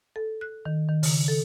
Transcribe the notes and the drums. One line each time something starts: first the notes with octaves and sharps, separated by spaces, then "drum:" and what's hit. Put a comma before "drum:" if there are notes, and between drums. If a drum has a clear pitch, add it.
A4
F#6
D#3
D#3
C#3, drum: open hi-hat
A4